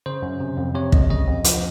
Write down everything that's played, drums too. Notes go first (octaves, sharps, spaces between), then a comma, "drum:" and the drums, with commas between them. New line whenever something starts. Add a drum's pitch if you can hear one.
C#3 C5
F#2
C3
F2
C3 C#5
C#2 D#5, drum: kick
C#3 D#5
F2
F3, drum: hi-hat